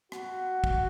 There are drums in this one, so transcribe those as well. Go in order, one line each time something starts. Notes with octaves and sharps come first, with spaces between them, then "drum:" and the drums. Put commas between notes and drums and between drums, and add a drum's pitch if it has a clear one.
F#4, drum: rim click
drum: kick